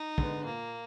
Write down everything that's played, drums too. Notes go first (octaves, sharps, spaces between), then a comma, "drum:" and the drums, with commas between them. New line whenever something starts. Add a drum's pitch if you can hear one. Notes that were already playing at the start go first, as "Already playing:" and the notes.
Already playing: D#4
D3 G#3 B3, drum: kick
A#2 A#3